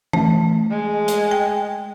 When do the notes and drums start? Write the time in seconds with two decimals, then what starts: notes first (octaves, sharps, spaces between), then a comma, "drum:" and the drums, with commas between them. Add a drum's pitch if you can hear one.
0.13 A3, drum: tom E3
0.71 G#3
1.08 drum: hi-hat
1.31 G5